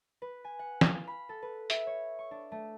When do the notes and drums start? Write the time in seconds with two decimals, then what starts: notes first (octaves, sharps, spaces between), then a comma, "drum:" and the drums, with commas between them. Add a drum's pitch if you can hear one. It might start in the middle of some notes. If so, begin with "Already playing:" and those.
0.22 B4
0.44 G#5
0.59 F#5
0.81 F5, drum: snare
1.07 B5
1.29 A4
1.42 B4
1.70 E5, drum: hi-hat
1.87 C#5
2.19 C#6
2.31 D4
2.52 A3